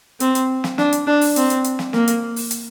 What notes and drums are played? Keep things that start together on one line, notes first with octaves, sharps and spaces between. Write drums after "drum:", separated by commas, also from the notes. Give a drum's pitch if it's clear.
C4, drum: hi-hat
drum: hi-hat
drum: snare
D4, drum: snare
drum: hi-hat
D4
drum: open hi-hat
C4, drum: hi-hat
drum: hi-hat
drum: hi-hat
drum: snare
A#3, drum: snare
drum: hi-hat
drum: open hi-hat
drum: hi-hat